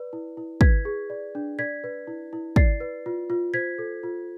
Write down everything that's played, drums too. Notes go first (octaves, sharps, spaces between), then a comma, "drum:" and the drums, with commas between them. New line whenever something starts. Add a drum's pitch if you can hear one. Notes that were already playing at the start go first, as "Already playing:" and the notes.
Already playing: B4 D5
E4
E4
B4 G#6 B6, drum: kick
G#4
D5
D4
D5 G#6 B6
B4
E4
E4
D5 A6 C7, drum: kick
B4
F4
F4
C5 G#6 B6
A4
F4